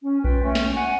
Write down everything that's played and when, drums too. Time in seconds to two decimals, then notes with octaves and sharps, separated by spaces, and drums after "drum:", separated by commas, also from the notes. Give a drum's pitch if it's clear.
0.03 C#4
0.24 F4 B4 G5, drum: kick A#1
0.43 A3 C#4
0.55 drum: snare
0.76 F#5 G#5